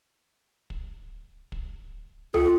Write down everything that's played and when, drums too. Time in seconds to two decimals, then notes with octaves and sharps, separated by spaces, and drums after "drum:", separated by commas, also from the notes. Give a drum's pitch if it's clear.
0.70 drum: kick
1.52 drum: kick
2.34 F4 A4 G5, drum: tom C#2